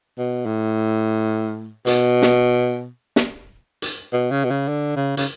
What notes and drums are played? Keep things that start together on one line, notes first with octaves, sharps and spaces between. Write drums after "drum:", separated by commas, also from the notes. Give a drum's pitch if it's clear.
B2
A2
B2, drum: hi-hat
drum: snare
drum: snare
drum: hi-hat
B2
C#3
B2
C#3
D3
C#3
C#3, drum: hi-hat